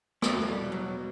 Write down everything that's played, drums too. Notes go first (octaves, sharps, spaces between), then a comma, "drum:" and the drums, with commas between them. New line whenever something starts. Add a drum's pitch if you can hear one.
E1 A3, drum: rim click
F#3
G3
B2
F#3